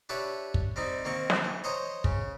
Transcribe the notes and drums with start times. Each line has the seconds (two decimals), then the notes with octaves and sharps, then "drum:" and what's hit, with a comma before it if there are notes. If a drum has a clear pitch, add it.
0.09 D4 G4 B4 C#5 E5
0.54 drum: kick
0.76 G3 C4 D#4
1.05 D#3 A#3 C4 C#6
1.30 drum: snare
1.45 E3
1.64 C5 C#5 D#5 A#5 C6
2.04 C#3, drum: kick